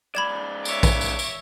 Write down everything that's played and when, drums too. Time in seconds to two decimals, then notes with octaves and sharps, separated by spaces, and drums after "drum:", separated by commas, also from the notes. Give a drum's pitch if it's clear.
0.15 G#2 D5 B5 G#6 E7
0.65 C#5 E5 D6, drum: tambourine
0.83 drum: kick A#1, tambourine
1.01 drum: tambourine
1.19 drum: tambourine